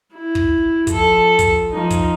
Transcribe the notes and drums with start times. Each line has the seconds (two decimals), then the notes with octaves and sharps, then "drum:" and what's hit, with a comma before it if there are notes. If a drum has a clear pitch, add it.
0.14 E4
0.35 drum: kick
0.87 F3 A4, drum: kick, hi-hat
1.39 drum: kick, hi-hat
1.72 F3 D#4
1.90 drum: kick, hi-hat